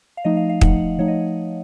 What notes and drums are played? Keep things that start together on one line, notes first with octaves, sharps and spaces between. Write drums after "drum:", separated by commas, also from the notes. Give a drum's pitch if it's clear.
F5
F3 A3 D#4 D#5
F5
F5
F3 A3 D#4 F#5, drum: kick
F3 A3 D#4 C#5
D#5